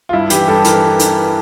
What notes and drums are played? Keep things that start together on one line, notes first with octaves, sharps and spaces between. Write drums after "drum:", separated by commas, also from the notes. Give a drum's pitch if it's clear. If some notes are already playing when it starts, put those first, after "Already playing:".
F4
G2 E4
E3 G4, drum: hi-hat
G2 A4
E3 A#4, drum: hi-hat
drum: hi-hat